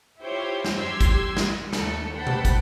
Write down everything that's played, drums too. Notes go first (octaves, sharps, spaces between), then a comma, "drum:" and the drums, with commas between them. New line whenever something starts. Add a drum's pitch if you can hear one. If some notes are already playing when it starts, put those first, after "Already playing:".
E4 F4 G4 C5 C#5 G5
drum: snare
F#2 G4 C6 E6 G#6
drum: kick, hi-hat
drum: snare
D#2 A3 A4 C#7, drum: snare
C5 F#5 G5 A5 B5
drum: tom B2
drum: kick, hi-hat